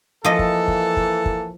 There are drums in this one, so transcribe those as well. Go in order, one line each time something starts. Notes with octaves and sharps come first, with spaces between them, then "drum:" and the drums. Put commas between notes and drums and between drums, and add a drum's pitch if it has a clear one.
E3 F3 A#3 A4 D#5
drum: kick
drum: kick
drum: kick
drum: kick